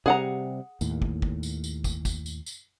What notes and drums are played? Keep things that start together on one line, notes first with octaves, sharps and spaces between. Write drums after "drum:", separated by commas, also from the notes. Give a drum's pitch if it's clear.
C3 G3 G#4 F#5 A#5
D#2 A2, drum: tambourine
drum: kick
drum: kick
drum: tambourine
drum: tambourine
drum: kick, tambourine
drum: kick, tambourine
drum: tambourine
drum: tambourine